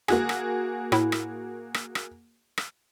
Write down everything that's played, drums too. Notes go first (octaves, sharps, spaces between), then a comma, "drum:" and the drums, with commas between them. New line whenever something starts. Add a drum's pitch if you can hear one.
A#3 F#4 G#4, drum: rim click
drum: rim click
A2 E4, drum: rim click
drum: rim click
drum: rim click
drum: rim click
drum: rim click